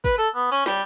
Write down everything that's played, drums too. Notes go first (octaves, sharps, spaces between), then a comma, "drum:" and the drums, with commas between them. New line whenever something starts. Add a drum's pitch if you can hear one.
B4, drum: kick, open hi-hat
A4
B3
C#4
G3, drum: snare